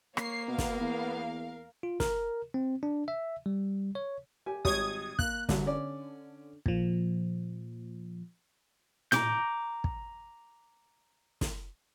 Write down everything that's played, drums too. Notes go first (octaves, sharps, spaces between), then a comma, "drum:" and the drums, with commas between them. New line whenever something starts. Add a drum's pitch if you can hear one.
A#3 C#5 C7, drum: rim click
B2 B3 A#4 F5
drum: snare
E2
F4
A#4, drum: snare
C4
D4
E5
G3
C#5
G4 G#5
G#1 G3 C#5 D#6 G#6, drum: kick
A#3 F#6, drum: kick
C2 D3 F#3, drum: snare
C#4 D5
A#2 F3, drum: kick
A#5 D6 G6, drum: tom A2
drum: kick
drum: snare